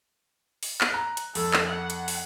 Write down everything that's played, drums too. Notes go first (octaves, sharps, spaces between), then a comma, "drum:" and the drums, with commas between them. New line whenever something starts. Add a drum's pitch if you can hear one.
drum: open hi-hat
drum: clap
A#5 F#6
drum: hi-hat
F2 A4, drum: open hi-hat
drum: clap
F#5
drum: hi-hat
drum: open hi-hat